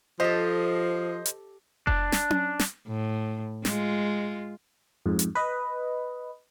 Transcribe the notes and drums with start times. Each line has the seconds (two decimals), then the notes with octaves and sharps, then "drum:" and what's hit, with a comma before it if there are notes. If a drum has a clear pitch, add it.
0.20 F3 G4 A4 C5 D#5
1.26 drum: hi-hat
1.87 D4, drum: kick F1
2.12 drum: snare
2.30 drum: tom C#4
2.59 drum: snare
2.87 A2
3.65 G#3 F4, drum: snare
5.06 F2 G#2
5.19 drum: hi-hat
5.35 B4 D#5